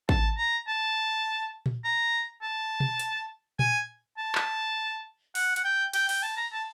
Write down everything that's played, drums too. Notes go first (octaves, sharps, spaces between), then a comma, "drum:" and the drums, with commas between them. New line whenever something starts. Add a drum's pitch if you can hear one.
A5, drum: kick
A#5
A5
drum: tom A#2
A#5
A5
drum: tom B2
drum: hi-hat
G#5, drum: tom A#2
A5
drum: clap
F#5, drum: open hi-hat
F#5, drum: hi-hat
G5
G5, drum: cymbal
G5, drum: open hi-hat
A5
A#5
A5